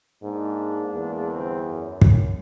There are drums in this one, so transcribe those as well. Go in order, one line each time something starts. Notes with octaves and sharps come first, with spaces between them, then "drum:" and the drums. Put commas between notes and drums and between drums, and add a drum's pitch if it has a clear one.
G#2 G#3 A#3 D4
E2
G1 C4
F#2
drum: kick